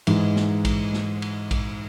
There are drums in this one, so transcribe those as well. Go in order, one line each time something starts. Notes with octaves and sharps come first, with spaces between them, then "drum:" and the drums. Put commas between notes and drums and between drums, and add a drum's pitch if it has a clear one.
G#2 E3 G#3, drum: cymbal
drum: snare
drum: kick, cymbal
drum: snare
drum: cymbal
drum: kick, cymbal